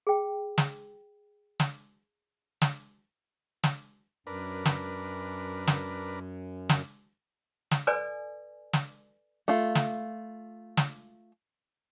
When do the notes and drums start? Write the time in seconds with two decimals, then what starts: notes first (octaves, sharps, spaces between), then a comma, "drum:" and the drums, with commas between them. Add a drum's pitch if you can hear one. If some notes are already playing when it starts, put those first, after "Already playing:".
0.07 G#4 G5
0.58 drum: snare
1.60 drum: snare
2.62 drum: snare
3.64 drum: snare
4.27 F#2 D4 A#4 B4
4.65 drum: snare
5.67 drum: snare
6.69 drum: snare
7.71 drum: snare
7.87 A4 B4 D5 G#5
8.73 drum: snare
9.48 A3 F4
9.75 drum: snare
10.77 drum: snare